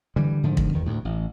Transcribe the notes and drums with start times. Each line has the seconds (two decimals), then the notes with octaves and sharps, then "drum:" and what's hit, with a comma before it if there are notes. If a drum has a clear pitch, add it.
0.16 D3 E3 G3
0.43 G#2 D3 D#3 F3
0.57 drum: kick
0.73 E2 D#3
0.86 D2 A2
1.05 A1